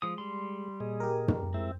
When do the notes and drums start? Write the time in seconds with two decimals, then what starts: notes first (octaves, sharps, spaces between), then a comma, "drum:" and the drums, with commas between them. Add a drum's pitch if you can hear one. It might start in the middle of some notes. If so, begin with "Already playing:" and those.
0.02 F3 G#3 D#6
0.18 G3 C6
0.80 A#2 G#4 D#5
1.00 G4 A#4
1.28 drum: tom
1.54 G#3 C4 E4 E5